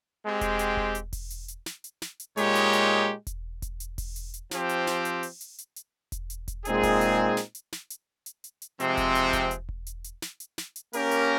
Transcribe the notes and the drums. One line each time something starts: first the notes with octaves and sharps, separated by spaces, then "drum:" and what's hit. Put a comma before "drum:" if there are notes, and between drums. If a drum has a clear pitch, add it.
G#3 C4 G4
drum: kick E1, hi-hat
drum: hi-hat
drum: kick E1
drum: hi-hat
drum: kick E1, open hi-hat
drum: hi-hat
drum: hi-hat
drum: snare
drum: hi-hat
drum: snare
drum: hi-hat
A#2 G#3 D#4 G4 C#5, drum: open hi-hat
drum: hi-hat
drum: hi-hat
drum: kick E1, hi-hat
drum: kick E1, hi-hat
drum: hi-hat
drum: kick E1, open hi-hat
drum: hi-hat
drum: hi-hat
F3 C4 G4, drum: snare
drum: hi-hat
drum: snare
drum: hi-hat
drum: open hi-hat
drum: hi-hat
drum: hi-hat
drum: hi-hat
drum: kick E1, hi-hat
drum: hi-hat
drum: kick E1, hi-hat
A#2 G#3 C4 D#4 G#4, drum: hi-hat
drum: kick E1, open hi-hat
drum: hi-hat
drum: snare
drum: hi-hat
drum: snare
drum: hi-hat
drum: hi-hat
drum: hi-hat
drum: hi-hat
C3 F3 G#3 C4, drum: hi-hat
drum: kick E1, hi-hat
drum: hi-hat
drum: kick E1, hi-hat
drum: hi-hat
drum: kick E1
drum: hi-hat
drum: hi-hat
drum: snare
drum: hi-hat
drum: snare
drum: hi-hat
A#3 C#4 G4 A#4, drum: open hi-hat
drum: hi-hat